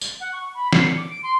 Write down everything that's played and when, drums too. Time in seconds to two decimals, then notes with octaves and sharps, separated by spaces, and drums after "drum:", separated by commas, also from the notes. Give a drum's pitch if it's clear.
0.01 drum: tambourine
0.20 F#5
0.33 C#6
0.54 B5
0.73 C7, drum: snare
0.85 C#7
0.97 D6
1.10 D7
1.23 C6